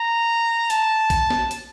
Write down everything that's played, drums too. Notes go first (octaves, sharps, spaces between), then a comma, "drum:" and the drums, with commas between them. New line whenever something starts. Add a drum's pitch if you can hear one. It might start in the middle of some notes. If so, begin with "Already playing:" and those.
Already playing: A#5
A5, drum: hi-hat
drum: kick A#1, hi-hat
drum: snare
drum: hi-hat